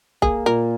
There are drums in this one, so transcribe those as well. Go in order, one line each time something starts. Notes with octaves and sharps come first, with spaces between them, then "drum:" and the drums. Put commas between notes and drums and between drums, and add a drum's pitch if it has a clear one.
A#3 G#4, drum: kick
A#2 A#4